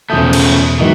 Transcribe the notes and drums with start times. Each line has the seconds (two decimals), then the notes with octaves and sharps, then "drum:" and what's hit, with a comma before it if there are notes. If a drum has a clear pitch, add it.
0.10 E1 C#3 F3 A3 D#6 G6
0.33 drum: cymbal
0.79 G#2 D#3 E3 F#3